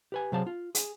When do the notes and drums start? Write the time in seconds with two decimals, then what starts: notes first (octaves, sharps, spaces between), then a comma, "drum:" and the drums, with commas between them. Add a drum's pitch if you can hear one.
0.12 G4 B4 G#5
0.32 C3 F#3 G#4 C5 F5 A5
0.47 F4
0.75 G#4, drum: hi-hat